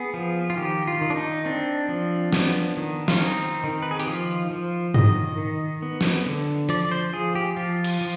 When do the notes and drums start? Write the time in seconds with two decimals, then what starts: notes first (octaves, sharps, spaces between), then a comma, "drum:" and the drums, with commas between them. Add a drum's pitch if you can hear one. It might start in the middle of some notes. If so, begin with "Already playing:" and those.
Already playing: B3 G#4
0.14 F3
0.50 F4
0.57 D#3 G4
0.87 F4
1.01 D#3
1.10 D4
1.16 D#4
1.45 C4 D4
1.89 F3
2.33 B3, drum: snare
2.77 D#3
3.08 F4, drum: snare
3.20 C4 D#4
3.64 D#3
3.82 B4
3.91 G#4
3.99 G4, drum: hi-hat
4.07 F3 F4
4.50 F3
4.94 D#3 D#5, drum: tom G2
5.38 D#3
5.82 B3
6.01 drum: snare
6.26 D3
6.69 F3 D5, drum: hi-hat
6.91 C5
7.13 F3 G#4
7.35 G4
7.56 F3 F4
7.84 drum: cymbal
8.01 F3